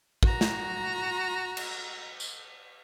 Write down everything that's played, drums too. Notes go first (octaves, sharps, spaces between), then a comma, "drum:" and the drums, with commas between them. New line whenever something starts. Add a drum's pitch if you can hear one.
F#4 A#5, drum: kick
drum: snare
drum: cymbal
drum: tambourine